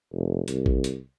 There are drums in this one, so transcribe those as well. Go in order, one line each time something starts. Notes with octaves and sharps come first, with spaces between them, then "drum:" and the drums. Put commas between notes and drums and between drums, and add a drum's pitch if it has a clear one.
F1
C2, drum: hi-hat
drum: kick A1
drum: hi-hat